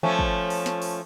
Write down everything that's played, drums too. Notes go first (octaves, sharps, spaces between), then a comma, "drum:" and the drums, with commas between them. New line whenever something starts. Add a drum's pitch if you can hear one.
F3 A3 C#4
drum: kick
drum: open hi-hat
drum: snare
drum: open hi-hat